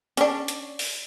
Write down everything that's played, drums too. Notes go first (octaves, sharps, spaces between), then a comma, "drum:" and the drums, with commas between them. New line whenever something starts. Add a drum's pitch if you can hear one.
C#4 D4, drum: hi-hat
drum: hi-hat
drum: open hi-hat